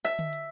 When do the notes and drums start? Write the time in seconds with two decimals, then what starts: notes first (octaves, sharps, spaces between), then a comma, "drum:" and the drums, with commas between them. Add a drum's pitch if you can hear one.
0.05 E5, drum: hi-hat
0.19 drum: tom D3
0.33 drum: hi-hat